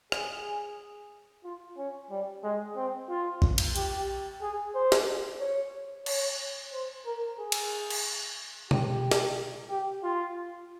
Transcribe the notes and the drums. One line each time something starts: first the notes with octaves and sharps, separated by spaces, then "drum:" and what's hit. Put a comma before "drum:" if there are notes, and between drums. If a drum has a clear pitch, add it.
G#4, drum: rim click
F4
C#4
G3
G#3
C4
F4
drum: kick A1
drum: cymbal
G4, drum: hi-hat
G#4
C5
drum: snare
C#5
C#5, drum: cymbal
C5
A#4
G#4
drum: cymbal
drum: cymbal
G4, drum: tom B2
drum: snare
G4
F4